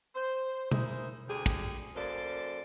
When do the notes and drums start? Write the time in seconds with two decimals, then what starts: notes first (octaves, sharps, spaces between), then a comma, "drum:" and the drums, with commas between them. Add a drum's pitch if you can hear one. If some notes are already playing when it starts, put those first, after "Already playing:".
0.15 C5
0.71 A#3 D#4 E4 G#4 C5, drum: tom B2
1.29 D2 D3 G4 G#4
1.46 drum: kick
1.96 F#2 A#3 A4 C5 D5